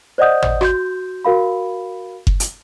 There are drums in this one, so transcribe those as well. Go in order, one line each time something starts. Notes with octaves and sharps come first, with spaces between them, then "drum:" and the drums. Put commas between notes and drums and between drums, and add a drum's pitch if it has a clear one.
C5 D5 D#5 F#5 D#6 G6
drum: tom
F#4 C6 G6, drum: rim click
F#4 A#4 F5 B5
drum: kick F#1
drum: hi-hat